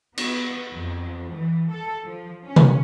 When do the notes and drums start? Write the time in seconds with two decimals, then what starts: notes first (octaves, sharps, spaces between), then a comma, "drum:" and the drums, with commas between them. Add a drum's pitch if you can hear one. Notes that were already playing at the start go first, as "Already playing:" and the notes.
0.18 B3, drum: cymbal
0.72 F2
1.33 E3
1.71 A4
2.05 F3
2.45 C#4
2.56 drum: tom C3